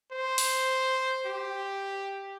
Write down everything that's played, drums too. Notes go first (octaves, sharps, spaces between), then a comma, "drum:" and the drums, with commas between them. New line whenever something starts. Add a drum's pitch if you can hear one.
C5
drum: open hi-hat
G4